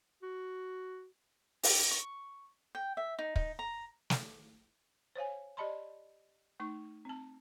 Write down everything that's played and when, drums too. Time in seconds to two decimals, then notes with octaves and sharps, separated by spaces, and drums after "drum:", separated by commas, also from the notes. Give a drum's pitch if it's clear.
0.23 F#4
1.63 G4, drum: open hi-hat
1.91 C#6
2.75 G5
2.97 E5
3.19 D#4
3.36 D#4, drum: kick
3.59 A#5
4.10 drum: snare
5.15 C5 C#5 F5 G#5
5.57 G4 D5 D#5 A5 B5 C6
6.60 A3 D#4 C#6
7.05 C4 A5